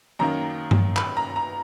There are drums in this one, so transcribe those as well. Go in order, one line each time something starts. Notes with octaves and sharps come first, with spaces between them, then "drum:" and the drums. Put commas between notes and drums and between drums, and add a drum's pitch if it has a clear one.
F#2 D#3 A#3 A#5
drum: tom G2
B5, drum: clap
A#5
A#5